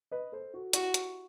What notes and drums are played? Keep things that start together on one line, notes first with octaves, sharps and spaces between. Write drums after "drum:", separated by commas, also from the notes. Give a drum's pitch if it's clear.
B4 D#5
A4 C5
F#4 A4
E4 F#4 G4, drum: hi-hat
drum: hi-hat